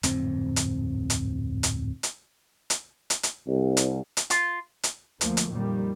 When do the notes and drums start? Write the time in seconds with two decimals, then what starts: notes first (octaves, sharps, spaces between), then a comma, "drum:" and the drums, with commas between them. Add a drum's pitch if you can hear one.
0.03 D1 F2 G#2 C4, drum: hi-hat
0.56 drum: hi-hat
1.10 drum: hi-hat
1.63 drum: hi-hat
2.03 drum: hi-hat
2.70 drum: hi-hat
3.10 drum: hi-hat
3.23 drum: hi-hat
3.47 C2
3.77 drum: hi-hat
4.17 drum: hi-hat
4.30 F4, drum: hi-hat
4.83 drum: hi-hat
5.21 D2 F3 A3 A#3, drum: hi-hat
5.37 drum: hi-hat
5.50 F2 A#2 D#3 G3 A#3